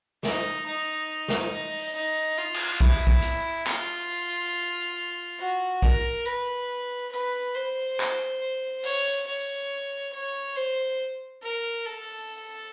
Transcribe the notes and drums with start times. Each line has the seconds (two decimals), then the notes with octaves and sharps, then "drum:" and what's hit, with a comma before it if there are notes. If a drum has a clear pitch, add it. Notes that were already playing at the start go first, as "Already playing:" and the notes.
0.23 D#4, drum: snare
0.66 D#4
1.28 drum: snare
1.78 drum: open hi-hat
1.95 D#4
2.38 F4
2.54 drum: cymbal
2.80 E4, drum: kick A#1
3.07 drum: kick A#1
3.22 drum: hi-hat
3.67 F4, drum: clap
5.39 F#4
5.82 A#4, drum: kick A#1
6.25 B4
7.12 B4
7.54 C5
8.00 drum: clap
8.84 C#5, drum: open hi-hat
9.26 C#5
10.13 C#5
10.56 C5
11.42 A#4
11.85 A4